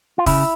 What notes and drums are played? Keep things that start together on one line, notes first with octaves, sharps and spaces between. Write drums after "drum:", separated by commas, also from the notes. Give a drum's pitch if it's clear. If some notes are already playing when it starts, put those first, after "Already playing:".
F4
C#3 E4, drum: kick, open hi-hat